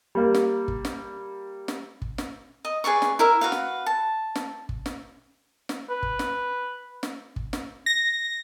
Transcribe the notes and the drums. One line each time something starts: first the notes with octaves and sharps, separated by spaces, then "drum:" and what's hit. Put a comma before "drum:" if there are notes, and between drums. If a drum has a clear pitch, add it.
G3 A#3
drum: snare
drum: kick
drum: snare
drum: snare
drum: kick
drum: snare
D#5
G#4 B4 D5 C#6
drum: snare
E4 A#4 E5
F#4 B4 F5
drum: snare
A5
drum: snare
drum: kick
drum: snare
drum: snare
B4
drum: kick
drum: snare
drum: snare
drum: kick
drum: snare
A#6